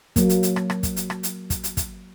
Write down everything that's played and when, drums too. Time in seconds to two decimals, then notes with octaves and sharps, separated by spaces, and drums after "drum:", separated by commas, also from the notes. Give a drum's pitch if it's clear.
0.16 F#3 A#3, drum: kick, hi-hat
0.29 drum: hi-hat
0.43 drum: hi-hat
0.56 drum: rim click
0.70 drum: rim click
0.83 drum: kick, hi-hat
0.96 drum: hi-hat
1.10 drum: rim click
1.23 drum: hi-hat
1.50 drum: kick, hi-hat
1.64 drum: hi-hat
1.77 drum: kick, hi-hat